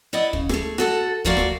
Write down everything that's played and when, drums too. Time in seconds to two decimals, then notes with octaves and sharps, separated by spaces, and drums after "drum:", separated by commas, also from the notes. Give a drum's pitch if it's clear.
0.13 E4 D5 D#5 F#5
0.33 C#3, drum: kick
0.49 A3 G#4, drum: rim click
0.78 F#4 A4 F#5, drum: rim click
1.25 A3 A#3 F4 F#4 D5 F5, drum: kick
1.37 drum: rim click